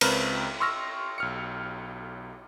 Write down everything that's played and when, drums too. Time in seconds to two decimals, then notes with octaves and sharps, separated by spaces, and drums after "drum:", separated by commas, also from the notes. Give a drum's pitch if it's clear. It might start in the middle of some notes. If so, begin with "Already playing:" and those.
0.01 C#2 C4 A#4 B4 F6, drum: cymbal
0.60 C6 C#6 E6 F6 A#6
1.18 B1 F6 C#7